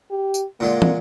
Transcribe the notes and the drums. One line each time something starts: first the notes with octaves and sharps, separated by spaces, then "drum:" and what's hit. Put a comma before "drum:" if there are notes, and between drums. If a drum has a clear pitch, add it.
G4
drum: tambourine
A#2 D3 G#3 A#3
drum: tom